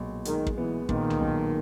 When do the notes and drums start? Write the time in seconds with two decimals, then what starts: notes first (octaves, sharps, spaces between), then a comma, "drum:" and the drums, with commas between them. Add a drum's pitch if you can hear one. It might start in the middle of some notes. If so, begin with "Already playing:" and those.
Already playing: B1 A#2 G#3 B3
0.25 D#3 G#3, drum: hi-hat
0.47 drum: kick
0.57 E3 B3
0.89 A#2 D#3, drum: kick
1.10 drum: tom C2
1.21 B1